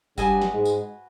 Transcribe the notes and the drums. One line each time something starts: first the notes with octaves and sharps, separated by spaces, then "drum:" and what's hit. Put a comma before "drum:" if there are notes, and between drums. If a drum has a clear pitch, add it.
G2 G3 F#4 B4 D#5 G#5, drum: kick G1, tambourine
drum: snare
G#2 G#3
drum: tambourine